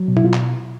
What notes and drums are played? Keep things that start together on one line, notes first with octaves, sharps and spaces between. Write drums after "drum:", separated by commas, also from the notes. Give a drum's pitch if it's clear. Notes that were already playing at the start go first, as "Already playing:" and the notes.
Already playing: F#3
B2
E4, drum: tom B2
B2 F4
drum: clap